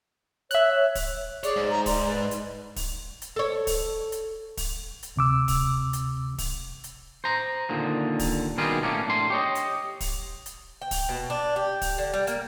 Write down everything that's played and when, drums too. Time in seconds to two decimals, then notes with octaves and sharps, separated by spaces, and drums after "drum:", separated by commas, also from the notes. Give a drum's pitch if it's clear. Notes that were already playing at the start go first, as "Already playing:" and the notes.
0.51 C#5 E5 F#6, drum: hi-hat
0.95 drum: kick, open hi-hat
1.43 G#4 C#5 D5, drum: hi-hat
1.56 G#2
1.70 A#5
1.86 D5 C6, drum: kick, open hi-hat
2.06 B4
2.31 drum: hi-hat
2.76 drum: kick, open hi-hat
3.22 drum: hi-hat
3.36 A4 C#5
3.67 drum: kick, open hi-hat
4.12 drum: hi-hat
4.57 drum: kick, open hi-hat
5.03 drum: hi-hat
5.16 D2 C3 D6 E6
5.48 drum: kick, open hi-hat
5.93 drum: hi-hat
6.38 drum: kick, open hi-hat
6.84 drum: hi-hat
7.24 C5 A#5
7.69 D#2 A#2 D3 D#3
8.19 drum: kick, open hi-hat
8.58 B2 D#3 G3 F4 G#4 A#4
8.83 A2 A#3 C#4 D4
9.06 A2 D4 C6
9.30 G4 C#5 D#5
9.55 drum: hi-hat
10.00 drum: kick, open hi-hat
10.46 drum: hi-hat
10.82 G5
10.91 drum: kick, open hi-hat
11.09 B2
11.30 D4
11.56 G4
11.82 drum: kick, open hi-hat
11.98 D3
12.13 G3
12.27 A#3, drum: hi-hat